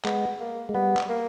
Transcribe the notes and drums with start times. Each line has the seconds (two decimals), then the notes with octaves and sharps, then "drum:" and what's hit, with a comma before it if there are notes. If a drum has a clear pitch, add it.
0.05 G#3 B3, drum: clap
0.40 A#3
0.69 G#3
0.74 G3 B3
0.97 drum: clap
1.09 A#3